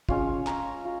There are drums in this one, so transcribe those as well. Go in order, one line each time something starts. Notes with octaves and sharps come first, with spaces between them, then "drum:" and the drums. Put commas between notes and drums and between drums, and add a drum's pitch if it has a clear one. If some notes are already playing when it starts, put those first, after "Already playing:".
G#3 C#4 F4, drum: kick
A#5, drum: clap
F4